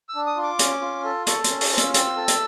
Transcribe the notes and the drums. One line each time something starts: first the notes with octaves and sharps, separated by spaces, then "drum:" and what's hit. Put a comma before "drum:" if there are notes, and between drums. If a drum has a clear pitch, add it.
E6
D4
D#6
F4
D6
C#4, drum: hi-hat
F4
A4
A4 C#6, drum: hi-hat
C6, drum: hi-hat
C#4
C#6, drum: open hi-hat
F4
E6, drum: hi-hat
C4 E6, drum: hi-hat
A4
drum: hi-hat